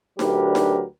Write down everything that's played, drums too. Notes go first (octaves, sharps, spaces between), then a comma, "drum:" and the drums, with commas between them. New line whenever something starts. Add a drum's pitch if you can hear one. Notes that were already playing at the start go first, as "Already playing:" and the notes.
D2 F#3 D4 G4 A#4 B4, drum: snare D#4
drum: snare D#4